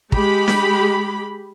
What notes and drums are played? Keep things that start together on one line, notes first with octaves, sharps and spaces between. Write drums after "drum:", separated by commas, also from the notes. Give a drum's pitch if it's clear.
G#3 G4 B5, drum: kick
drum: snare